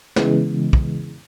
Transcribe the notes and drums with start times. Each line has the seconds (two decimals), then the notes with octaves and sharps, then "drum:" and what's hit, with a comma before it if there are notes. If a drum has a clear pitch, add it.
0.16 C#3 E3 G#3 B3, drum: snare
0.73 drum: kick